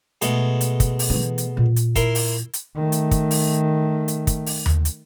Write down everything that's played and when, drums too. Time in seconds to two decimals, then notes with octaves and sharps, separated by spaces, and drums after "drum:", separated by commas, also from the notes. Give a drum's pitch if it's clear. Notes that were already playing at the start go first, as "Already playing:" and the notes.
0.22 B2 G#3 A3, drum: hi-hat
0.61 drum: hi-hat
0.80 drum: kick, hi-hat
0.99 drum: open hi-hat
1.10 E3 B3
1.38 drum: hi-hat
1.57 A#2
1.76 drum: hi-hat
1.96 E4 A#4 C6, drum: kick, hi-hat
2.15 drum: open hi-hat
2.54 drum: hi-hat
2.76 D#3 A3
2.92 drum: hi-hat
3.11 drum: kick, hi-hat
3.31 drum: open hi-hat
4.08 drum: hi-hat
4.27 drum: kick, hi-hat
4.46 drum: open hi-hat
4.66 drum: tom D#2
4.85 drum: hi-hat